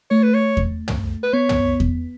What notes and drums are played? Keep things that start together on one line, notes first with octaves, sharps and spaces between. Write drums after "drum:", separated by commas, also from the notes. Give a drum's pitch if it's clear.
A3 C#5
B4
C#5
drum: kick E2
drum: tom
B4
B3 C#5
drum: tom
drum: kick E2